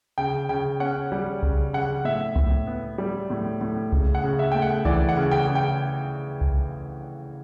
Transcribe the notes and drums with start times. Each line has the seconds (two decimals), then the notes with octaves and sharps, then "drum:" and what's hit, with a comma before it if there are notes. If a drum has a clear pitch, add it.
0.18 C#3 G5
0.49 C#3 G5
0.80 C#4 F#5
1.12 G3
1.43 C#3, drum: kick C2
1.73 C#3 F#5
2.05 A2 E5
2.36 A2, drum: kick C2
2.67 B3
2.98 G3
3.30 A2
3.61 A2
3.92 C#3, drum: kick C2
4.15 F#5
4.23 C#3
4.39 E5
4.52 A3 G5
4.62 F#5
4.85 E3 D5, drum: kick C2
5.09 F#5
5.17 C#3
5.31 G5
5.47 C#3
5.55 G5
6.41 drum: kick C2